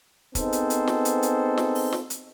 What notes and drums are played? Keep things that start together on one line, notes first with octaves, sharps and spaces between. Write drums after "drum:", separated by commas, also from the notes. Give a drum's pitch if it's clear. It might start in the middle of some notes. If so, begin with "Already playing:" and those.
B3 C4 D#4 G#4 A4 C5, drum: kick, hi-hat
drum: hi-hat
drum: hi-hat
drum: snare
drum: hi-hat
drum: hi-hat
drum: snare
drum: open hi-hat
drum: snare
drum: hi-hat